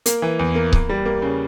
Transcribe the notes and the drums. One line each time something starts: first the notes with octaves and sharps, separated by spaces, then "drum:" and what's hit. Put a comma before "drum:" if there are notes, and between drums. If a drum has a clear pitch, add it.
A#3, drum: hi-hat
E3
E2
A#3
A#3, drum: kick C#1
G3
A#3
C#3